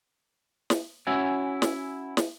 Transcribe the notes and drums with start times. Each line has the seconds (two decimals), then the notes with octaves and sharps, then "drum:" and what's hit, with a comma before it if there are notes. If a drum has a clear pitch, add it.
0.70 drum: snare
1.07 C#4 E4 F#4 E5 G#5
1.62 drum: snare
2.17 drum: snare